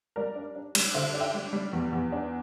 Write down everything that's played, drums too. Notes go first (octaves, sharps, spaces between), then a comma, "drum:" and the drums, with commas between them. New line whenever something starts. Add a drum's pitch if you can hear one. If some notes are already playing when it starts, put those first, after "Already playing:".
G3 A#4 D5
D4
D4
G3, drum: cymbal
D3 C5 E5
D4
E5 G5
G3
G3
E2
E2
D4